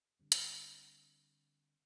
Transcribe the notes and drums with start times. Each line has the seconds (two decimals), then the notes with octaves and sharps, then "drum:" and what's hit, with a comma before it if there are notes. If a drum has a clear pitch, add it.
0.19 D3 G3 C4
0.32 drum: hi-hat